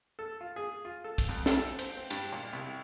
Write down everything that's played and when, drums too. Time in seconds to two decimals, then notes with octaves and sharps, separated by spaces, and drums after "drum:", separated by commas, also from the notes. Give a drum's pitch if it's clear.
0.19 A4
0.41 F4
0.56 G#4
0.85 F4
1.04 A4
1.18 drum: kick, cymbal
1.29 F2
1.46 A4, drum: snare
1.79 C5, drum: cymbal
1.97 C4
2.10 G2, drum: cymbal
2.33 A#2
2.53 C2